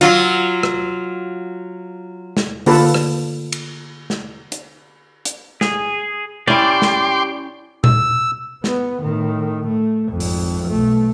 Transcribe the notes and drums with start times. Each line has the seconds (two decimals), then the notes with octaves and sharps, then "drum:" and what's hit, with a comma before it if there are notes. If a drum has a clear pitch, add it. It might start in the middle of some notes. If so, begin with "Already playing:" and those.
0.01 F#3 F4, drum: hi-hat
0.63 drum: rim click
2.37 drum: snare
2.66 D3 A#3 F4 G4 A4 B4, drum: open hi-hat
2.94 drum: rim click
3.52 drum: cymbal
4.10 drum: snare
4.52 drum: hi-hat
5.25 drum: hi-hat
5.61 G#4, drum: snare
6.47 C#4 E4 G4 D5 G5 C6 D6
6.82 drum: snare
7.84 E6, drum: tom A#2
8.64 B3, drum: snare
9.02 A2 D#3
9.67 A3
10.09 G#1 F2
10.20 drum: open hi-hat
10.68 B1 A3